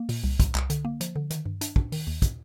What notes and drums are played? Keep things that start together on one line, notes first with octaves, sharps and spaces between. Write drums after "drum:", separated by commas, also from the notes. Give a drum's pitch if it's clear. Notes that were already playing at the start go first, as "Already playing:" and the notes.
Already playing: A#3
A#2, drum: open hi-hat
C2
C2, drum: kick, hi-hat
C2, drum: clap
D3, drum: hi-hat
A#3
F3, drum: hi-hat
D3
D#3, drum: hi-hat
G2
D4, drum: hi-hat
D4, drum: kick
D#3, drum: open hi-hat
D#2
drum: kick, hi-hat